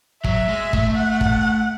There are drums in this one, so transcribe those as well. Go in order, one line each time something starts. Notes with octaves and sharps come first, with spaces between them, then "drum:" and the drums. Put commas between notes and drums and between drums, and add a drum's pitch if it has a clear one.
F#3 E5, drum: kick
G#3
A3, drum: kick
F#5
drum: kick